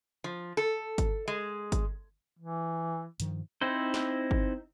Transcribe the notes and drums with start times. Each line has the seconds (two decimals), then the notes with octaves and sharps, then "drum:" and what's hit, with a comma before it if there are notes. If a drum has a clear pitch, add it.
0.24 F3
0.57 A4
0.98 drum: kick G1, hi-hat
1.28 G#3
1.72 drum: kick G1, hi-hat
2.39 E3
3.20 G2 D#3 F3, drum: hi-hat
3.61 C4 D#4 E4 C5
3.94 drum: snare
4.31 drum: kick G1